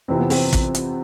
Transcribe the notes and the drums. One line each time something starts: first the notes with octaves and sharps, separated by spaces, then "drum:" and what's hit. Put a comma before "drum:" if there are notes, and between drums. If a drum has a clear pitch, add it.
F2 C3 E3 C4
B3
C4, drum: open hi-hat
drum: kick, hi-hat
drum: hi-hat